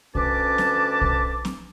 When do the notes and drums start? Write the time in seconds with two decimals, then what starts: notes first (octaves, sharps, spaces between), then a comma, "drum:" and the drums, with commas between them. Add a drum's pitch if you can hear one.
0.15 D2 C#4 B4 A5 D6, drum: kick
0.58 drum: snare C4
1.01 drum: kick
1.45 drum: snare C4